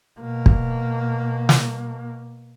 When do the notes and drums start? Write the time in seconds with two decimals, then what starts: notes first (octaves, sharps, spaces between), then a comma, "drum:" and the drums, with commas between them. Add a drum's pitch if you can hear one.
0.20 B2 A#3
0.46 drum: kick
1.49 drum: snare